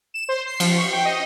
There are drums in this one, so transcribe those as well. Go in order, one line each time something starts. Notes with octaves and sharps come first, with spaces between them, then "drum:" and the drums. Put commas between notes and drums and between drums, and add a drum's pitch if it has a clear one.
E7
C5
C7
F3, drum: cymbal
C#6
G5
D#5